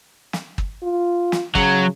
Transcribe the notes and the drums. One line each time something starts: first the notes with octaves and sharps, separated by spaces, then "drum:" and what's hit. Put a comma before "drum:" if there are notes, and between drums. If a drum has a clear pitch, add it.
drum: snare
drum: kick
F4
drum: snare
C#3 F#3, drum: kick